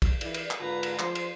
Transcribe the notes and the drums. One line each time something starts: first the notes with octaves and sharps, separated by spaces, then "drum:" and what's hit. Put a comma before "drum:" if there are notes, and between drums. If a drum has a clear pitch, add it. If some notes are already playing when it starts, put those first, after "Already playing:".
drum: kick, cymbal
E3 E4 D5, drum: cymbal
drum: cymbal
drum: clap
G#2 D3 F4 B4 A#5
drum: cymbal
F3 C5, drum: clap
drum: cymbal